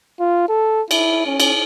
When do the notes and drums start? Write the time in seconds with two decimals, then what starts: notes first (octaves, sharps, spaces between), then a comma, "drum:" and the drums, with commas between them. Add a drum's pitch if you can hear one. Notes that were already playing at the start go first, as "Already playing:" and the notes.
0.20 F4
0.49 A4
0.91 E4, drum: cymbal
1.27 C#4
1.40 drum: cymbal